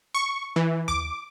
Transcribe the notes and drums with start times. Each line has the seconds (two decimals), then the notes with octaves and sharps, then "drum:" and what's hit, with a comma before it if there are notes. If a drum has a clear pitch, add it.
0.15 C#6
0.56 E3
0.88 D6, drum: tom D#2